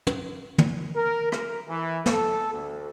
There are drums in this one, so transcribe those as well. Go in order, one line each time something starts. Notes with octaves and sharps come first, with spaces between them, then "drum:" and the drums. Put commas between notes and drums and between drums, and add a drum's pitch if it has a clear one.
drum: tom
drum: tom
A#4
A#4, drum: rim click
E3
A4, drum: snare
D2